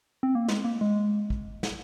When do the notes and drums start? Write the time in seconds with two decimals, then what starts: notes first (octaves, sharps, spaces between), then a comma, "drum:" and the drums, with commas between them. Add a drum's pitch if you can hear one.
0.23 C4
0.35 A#3
0.48 G#3, drum: snare
0.65 A#3
0.81 G#3
1.30 drum: kick
1.63 drum: snare